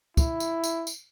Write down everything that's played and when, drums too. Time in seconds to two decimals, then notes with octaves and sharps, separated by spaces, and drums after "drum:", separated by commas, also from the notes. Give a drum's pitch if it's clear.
0.17 E4, drum: kick, tambourine
0.40 drum: tambourine
0.64 drum: tambourine
0.87 drum: tambourine